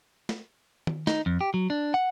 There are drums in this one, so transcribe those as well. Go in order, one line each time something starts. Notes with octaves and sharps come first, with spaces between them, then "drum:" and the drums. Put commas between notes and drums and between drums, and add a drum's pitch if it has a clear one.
drum: snare
drum: tom D#3
D#4, drum: snare
F2
G4
F#3
D4
F#5